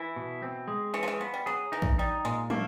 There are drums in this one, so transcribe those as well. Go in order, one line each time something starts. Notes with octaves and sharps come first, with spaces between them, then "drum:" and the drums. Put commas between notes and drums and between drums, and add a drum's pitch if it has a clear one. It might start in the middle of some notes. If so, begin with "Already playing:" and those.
Already playing: E3 E4
B2
C4
G#3
E3 C#5
F3
E3
F3 B3
G3
F#3 G#4
E3 D#4
drum: kick
G3 D#4
A#2 G#3
A3 A#3, drum: tom